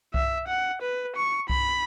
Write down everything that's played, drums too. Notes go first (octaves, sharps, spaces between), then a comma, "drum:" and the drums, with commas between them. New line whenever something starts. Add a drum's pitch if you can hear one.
E5, drum: kick C2
F#5
B4
C#6
B5, drum: kick C2